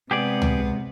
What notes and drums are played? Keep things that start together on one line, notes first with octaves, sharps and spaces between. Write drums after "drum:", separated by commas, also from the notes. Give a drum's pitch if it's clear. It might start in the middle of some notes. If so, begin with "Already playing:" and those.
C3 G#3 B3 G4 G#4 D5
drum: tom C#2